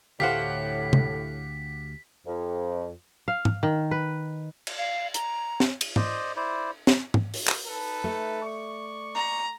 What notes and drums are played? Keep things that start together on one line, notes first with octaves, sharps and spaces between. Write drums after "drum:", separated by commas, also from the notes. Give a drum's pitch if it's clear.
D2 A2 G4 C5 F5 F#5 B6
drum: tom
F2
F5
drum: tom
D#3
B4
drum: cymbal
F5
A#5, drum: hi-hat
drum: snare
drum: cymbal
C5 D5 D#5, drum: tom
E4 C5 D5
drum: snare
drum: tom
drum: open hi-hat
drum: clap
D#4 A4 B4
A3
D5 C#6
A#5